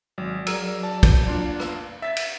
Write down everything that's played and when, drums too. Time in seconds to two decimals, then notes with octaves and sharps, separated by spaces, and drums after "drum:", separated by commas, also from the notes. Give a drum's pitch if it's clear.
0.18 G#1 F#3 D5
0.47 G#4 A#4 E6, drum: cymbal
0.83 A5
1.03 drum: kick, cymbal
1.28 A#3 D4 F4
1.60 drum: rim click
2.02 E5 A6 B6
2.16 drum: cymbal